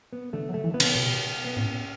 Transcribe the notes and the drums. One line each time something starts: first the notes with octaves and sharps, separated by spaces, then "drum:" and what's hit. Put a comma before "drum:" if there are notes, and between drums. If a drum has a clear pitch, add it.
B3
D3 A3
F#3
A3
E3
B3
C#3, drum: cymbal
B2
B3
A2 C#4